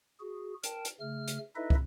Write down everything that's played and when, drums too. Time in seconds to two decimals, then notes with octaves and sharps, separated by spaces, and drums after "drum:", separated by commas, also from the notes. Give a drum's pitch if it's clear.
0.20 F#4 G#4
0.64 A#4 G5 A5, drum: hi-hat
0.85 drum: hi-hat
1.00 C#3 A3 F6
1.28 drum: hi-hat
1.56 D#4 E4 A4 B4 D#5 E5
1.70 drum: kick